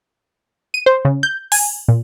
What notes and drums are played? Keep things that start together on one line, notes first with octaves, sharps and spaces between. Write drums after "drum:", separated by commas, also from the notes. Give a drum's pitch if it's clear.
D#7
C5
C#3
G6
G#5, drum: open hi-hat
A#2